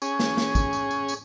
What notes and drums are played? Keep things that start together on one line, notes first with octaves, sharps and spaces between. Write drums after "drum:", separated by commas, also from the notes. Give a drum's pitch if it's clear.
C#4 G#4, drum: tambourine
drum: snare
drum: snare
drum: kick, tambourine
drum: tambourine
drum: tambourine
drum: tambourine